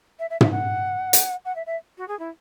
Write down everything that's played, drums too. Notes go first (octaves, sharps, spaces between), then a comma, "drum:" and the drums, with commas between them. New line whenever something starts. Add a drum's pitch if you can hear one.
E5
E5
E5, drum: tom
F#5
drum: hi-hat
F#5
E5
E5
F#4
G#4
E4